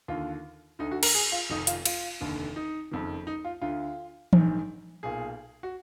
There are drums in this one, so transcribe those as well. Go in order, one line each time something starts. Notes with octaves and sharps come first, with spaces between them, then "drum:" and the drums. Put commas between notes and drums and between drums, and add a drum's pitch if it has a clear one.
D#2 D3 F4
D2 D3 D#4
F#4
A#4, drum: cymbal
G#4
F4
F1 F2 D#3 D#4
F4, drum: hi-hat
F4, drum: cymbal
F1 D#2 D3
D#4
F#1 F2 D#3
D#4
F4
D2 D3 F4
A#1 G#2 D#3, drum: tom E3
B1 A#2 G#4
F#4